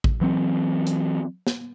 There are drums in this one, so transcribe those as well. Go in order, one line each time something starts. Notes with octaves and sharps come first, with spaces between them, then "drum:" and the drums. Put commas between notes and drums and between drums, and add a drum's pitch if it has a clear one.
drum: kick A1
E3 F#3 C4
drum: hi-hat
drum: snare